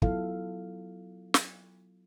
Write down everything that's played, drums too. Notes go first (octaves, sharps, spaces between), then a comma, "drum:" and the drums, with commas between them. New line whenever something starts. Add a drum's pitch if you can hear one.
F#3 B3 E4 F4 A4 F5, drum: kick
drum: snare